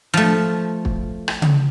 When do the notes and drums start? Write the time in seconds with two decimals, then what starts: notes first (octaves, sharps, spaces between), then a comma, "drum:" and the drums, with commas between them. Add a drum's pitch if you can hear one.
0.14 F3 A3
0.85 drum: kick
1.28 drum: rim click
1.42 drum: tom C#3